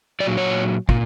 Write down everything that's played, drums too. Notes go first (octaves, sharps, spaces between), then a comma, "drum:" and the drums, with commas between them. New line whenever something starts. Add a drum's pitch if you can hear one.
F#3 D5
A#2
C#5
A#2, drum: kick